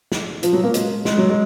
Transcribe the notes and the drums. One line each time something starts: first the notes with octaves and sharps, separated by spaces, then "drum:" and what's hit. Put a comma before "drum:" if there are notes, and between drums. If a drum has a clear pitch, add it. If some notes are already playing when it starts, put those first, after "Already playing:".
drum: snare
F3, drum: hi-hat
F#3
A#3
G#3, drum: hi-hat
G#3, drum: snare
F#3
G#3